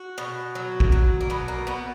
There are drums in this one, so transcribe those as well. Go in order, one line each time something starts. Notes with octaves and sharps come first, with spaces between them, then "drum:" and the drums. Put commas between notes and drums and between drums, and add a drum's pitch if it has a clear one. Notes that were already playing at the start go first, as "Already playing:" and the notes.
Already playing: F#4
B2
F#3
drum: kick A#1
F#3
A#3
B2 B3
A#3
B2 B3